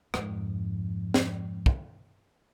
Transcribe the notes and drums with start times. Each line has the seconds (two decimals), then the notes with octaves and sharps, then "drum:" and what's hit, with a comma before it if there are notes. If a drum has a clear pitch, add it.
0.14 F2 G#2, drum: rim click
1.14 drum: snare
1.66 drum: kick